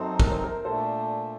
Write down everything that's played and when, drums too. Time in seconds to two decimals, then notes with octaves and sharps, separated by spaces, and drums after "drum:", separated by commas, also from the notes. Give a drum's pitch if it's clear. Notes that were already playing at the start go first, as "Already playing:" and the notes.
Already playing: F#2 F#3 C4 D#4 A4 C5
0.20 A#4, drum: kick
0.31 C5
0.44 A#4
0.65 A#2 A3 D4 A4 C5